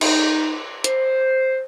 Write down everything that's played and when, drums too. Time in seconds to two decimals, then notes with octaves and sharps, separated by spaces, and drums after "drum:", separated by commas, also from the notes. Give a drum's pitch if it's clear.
0.01 D#4, drum: cymbal
0.84 C5, drum: hi-hat